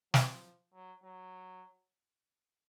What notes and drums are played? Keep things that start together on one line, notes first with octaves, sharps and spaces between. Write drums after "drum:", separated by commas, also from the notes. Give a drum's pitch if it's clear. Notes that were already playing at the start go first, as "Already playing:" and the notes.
F3, drum: snare
F#3
F#3